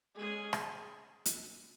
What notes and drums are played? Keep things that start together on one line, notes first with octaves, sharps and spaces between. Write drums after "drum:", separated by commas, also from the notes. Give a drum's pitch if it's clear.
G#3 C#4 G#4
drum: rim click
drum: hi-hat